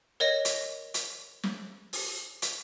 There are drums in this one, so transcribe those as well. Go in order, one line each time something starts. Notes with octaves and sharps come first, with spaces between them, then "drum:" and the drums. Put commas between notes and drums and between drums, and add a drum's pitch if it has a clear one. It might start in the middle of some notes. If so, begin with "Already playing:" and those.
A#4 C#5 D#5 A#6
drum: hi-hat
drum: hi-hat
drum: snare
drum: open hi-hat
drum: hi-hat